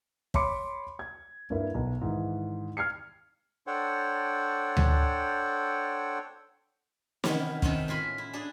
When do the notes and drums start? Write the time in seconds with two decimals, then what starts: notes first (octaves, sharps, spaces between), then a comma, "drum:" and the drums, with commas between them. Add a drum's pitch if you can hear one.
0.34 C#5 B5 C6 D6 C#7, drum: kick
0.99 G#6
1.50 G2 A#3 E4
1.75 B1
2.01 G#2 D#3 E3
2.77 F6 G#6 C7 C#7
3.67 D4 A4 C5 C#5 F#5 G5
4.77 drum: tom D2
7.24 C3 D#3 E3 B3 C#4, drum: snare
7.62 C3 D#3 A3 C4 C#4, drum: kick
7.88 A2 F4 G#5 B5
8.18 E4
8.33 D4 G#4